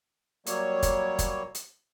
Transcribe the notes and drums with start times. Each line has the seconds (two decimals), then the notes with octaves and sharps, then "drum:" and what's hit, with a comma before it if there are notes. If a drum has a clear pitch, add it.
0.47 F#3 G3 A#3 C#5, drum: hi-hat
0.83 drum: kick, hi-hat
1.19 drum: kick, hi-hat
1.55 drum: hi-hat